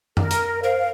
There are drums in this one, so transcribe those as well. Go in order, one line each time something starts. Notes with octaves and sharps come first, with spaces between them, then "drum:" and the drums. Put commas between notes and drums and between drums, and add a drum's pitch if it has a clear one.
A#4, drum: tom F#2
drum: hi-hat
A#4 C5 F5